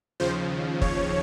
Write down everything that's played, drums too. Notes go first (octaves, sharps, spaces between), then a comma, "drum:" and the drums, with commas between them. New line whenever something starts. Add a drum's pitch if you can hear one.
D#2 C#3 F3 C5
C#5, drum: kick F1